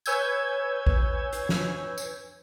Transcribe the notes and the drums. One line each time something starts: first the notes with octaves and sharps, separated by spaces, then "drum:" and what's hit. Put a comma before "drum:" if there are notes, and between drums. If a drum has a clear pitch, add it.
B4 C#5 G#5 E6 G6 G#6, drum: tambourine
drum: kick A#1
drum: hi-hat
drum: snare
drum: tambourine